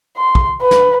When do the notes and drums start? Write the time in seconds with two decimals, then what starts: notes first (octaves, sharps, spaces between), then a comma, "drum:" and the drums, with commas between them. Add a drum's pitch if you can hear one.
0.17 C6
0.35 drum: kick
0.62 B4
0.71 drum: snare